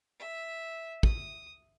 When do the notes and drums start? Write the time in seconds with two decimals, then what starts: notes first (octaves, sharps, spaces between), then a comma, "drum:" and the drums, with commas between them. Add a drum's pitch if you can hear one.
0.19 E5
1.03 D#6, drum: kick